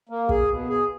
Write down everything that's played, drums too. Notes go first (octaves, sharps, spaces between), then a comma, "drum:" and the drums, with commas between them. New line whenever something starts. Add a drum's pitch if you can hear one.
A#3
G#4, drum: kick
B2
G#4